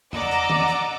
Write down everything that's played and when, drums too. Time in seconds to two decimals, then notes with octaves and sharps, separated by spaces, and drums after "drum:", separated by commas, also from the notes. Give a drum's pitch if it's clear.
0.13 D5 D#5 F#5 A#5 D6 E6, drum: tom
0.31 drum: hi-hat
0.50 drum: tom
0.68 drum: hi-hat